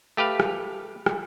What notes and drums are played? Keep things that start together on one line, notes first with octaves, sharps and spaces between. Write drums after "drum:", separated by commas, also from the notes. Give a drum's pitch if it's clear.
A3 G4 B4 F5
drum: rim click
drum: rim click